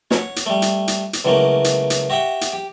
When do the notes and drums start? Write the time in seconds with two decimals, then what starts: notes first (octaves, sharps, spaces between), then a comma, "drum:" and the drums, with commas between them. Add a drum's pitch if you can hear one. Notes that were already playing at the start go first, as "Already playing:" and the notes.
0.11 C#5 F#5, drum: snare
0.36 drum: hi-hat
0.46 G3 A3
0.62 drum: hi-hat
0.88 drum: hi-hat
1.13 drum: hi-hat
1.25 C#2 E3 F#3 A3 A#3
1.64 drum: hi-hat
1.90 drum: hi-hat
2.10 F#4 G4 E5 F#5 G5
2.41 drum: hi-hat
2.53 G4